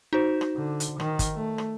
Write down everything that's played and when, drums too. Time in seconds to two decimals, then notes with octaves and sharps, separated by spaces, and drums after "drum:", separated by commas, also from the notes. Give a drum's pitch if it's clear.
0.13 D#4 F#4 C5
0.41 drum: rim click
0.56 D3
0.80 drum: hi-hat
1.00 D#3, drum: rim click
1.19 drum: kick, hi-hat
1.35 A3
1.58 drum: rim click